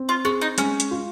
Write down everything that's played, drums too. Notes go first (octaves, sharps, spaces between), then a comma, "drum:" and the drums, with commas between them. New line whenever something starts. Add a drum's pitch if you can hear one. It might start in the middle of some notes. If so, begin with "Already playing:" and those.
Already playing: C4
F4
C#4 G#4
D#4
G#3 C#4, drum: hi-hat
drum: hi-hat
F4